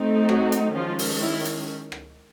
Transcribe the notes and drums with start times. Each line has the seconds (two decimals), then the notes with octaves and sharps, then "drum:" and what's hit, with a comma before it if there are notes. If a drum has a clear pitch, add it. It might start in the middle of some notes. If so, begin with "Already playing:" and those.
Already playing: A3 C4 D#4
0.29 F#3 F#4, drum: rim click
0.52 drum: hi-hat
0.75 D#3 F3 G#3 C#4 F4
0.99 drum: open hi-hat
1.22 E4
1.45 drum: hi-hat
1.92 drum: rim click